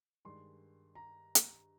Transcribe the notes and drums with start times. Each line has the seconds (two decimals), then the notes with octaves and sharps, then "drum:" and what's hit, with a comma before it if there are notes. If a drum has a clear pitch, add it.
0.25 G2 D#3 G#3 D4 C6
0.95 A#5
1.35 drum: hi-hat